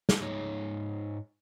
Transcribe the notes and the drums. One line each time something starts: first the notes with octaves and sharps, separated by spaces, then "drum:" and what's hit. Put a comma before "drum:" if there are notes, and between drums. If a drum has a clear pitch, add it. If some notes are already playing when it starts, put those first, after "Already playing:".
drum: snare
G#2 G#3 D#4 C#5